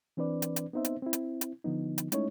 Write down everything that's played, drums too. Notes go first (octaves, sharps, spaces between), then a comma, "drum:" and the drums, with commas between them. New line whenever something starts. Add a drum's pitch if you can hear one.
E3 C4 D4 B4 D5
drum: hi-hat
drum: hi-hat
B3 C4 D#4 C5 E5
drum: hi-hat
C4 E4
drum: hi-hat
drum: hi-hat
D3 F3 B3 D#4
drum: hi-hat
G#3 A3 C#4 D#4 E4 C#5, drum: hi-hat